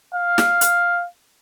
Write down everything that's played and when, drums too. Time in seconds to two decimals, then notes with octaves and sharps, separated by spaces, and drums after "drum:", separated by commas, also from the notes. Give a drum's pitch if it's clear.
0.15 F5
0.38 drum: snare
0.61 drum: hi-hat